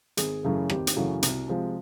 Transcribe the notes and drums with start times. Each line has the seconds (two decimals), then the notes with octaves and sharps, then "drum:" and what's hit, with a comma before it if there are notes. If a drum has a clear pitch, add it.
0.17 G#1 G#4, drum: hi-hat
0.43 F#2 C#3 E3 A3
0.70 G#1 G4, drum: rim click
0.87 drum: hi-hat
0.96 F#2 C#3 E3 A3 F#4
1.23 C2, drum: hi-hat
1.48 C3 F3 G#3